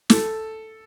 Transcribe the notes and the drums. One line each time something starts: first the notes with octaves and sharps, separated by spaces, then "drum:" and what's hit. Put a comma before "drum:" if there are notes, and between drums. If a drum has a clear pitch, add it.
A4, drum: snare